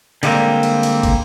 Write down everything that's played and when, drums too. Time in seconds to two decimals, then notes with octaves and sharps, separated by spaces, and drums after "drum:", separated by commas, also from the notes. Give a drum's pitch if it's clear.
0.23 D3 G3 G#3 A#3 C4, drum: cymbal
0.63 drum: cymbal
0.83 drum: cymbal
1.03 drum: kick, cymbal